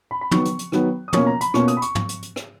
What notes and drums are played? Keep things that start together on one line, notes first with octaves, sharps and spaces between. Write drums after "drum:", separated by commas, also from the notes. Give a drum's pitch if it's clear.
B5
B5
D#3 F#3 B3 C#6, drum: tom
drum: hi-hat
drum: hi-hat
D#3 F#3 B3, drum: rim click
D#6
B2 A#3 C#4 F4 C#6, drum: tom
A#5
B5, drum: hi-hat
B2 A#3 C#4 F4 C#6, drum: rim click
D#6, drum: hi-hat
B5
C#6, drum: hi-hat
drum: tom
drum: hi-hat
drum: hi-hat
drum: rim click